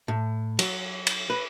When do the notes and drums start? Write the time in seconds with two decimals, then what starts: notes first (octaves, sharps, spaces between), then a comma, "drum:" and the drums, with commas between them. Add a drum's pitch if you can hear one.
0.08 A2
0.59 F#3, drum: cymbal
1.07 drum: cymbal
1.30 B4